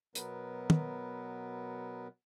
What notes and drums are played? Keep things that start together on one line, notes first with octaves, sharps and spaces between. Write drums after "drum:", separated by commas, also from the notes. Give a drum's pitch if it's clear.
B2 F#3 B3 A#4 B4, drum: hi-hat
drum: tom